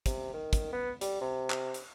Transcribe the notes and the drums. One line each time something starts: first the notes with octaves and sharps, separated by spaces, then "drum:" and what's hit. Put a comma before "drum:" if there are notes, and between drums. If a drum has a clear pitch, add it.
C3, drum: kick, hi-hat
D#3
drum: kick, hi-hat
B3
G3, drum: hi-hat
C3
drum: clap
drum: hi-hat